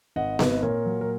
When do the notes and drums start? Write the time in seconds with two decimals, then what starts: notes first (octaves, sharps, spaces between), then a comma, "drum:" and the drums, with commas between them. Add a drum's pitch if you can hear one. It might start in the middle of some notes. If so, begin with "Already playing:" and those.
0.16 G#1 D#5 F#5
0.39 G#1 B4 D#5, drum: snare B3
0.63 A#2 A#4 C#5
0.86 F#3
1.01 A#4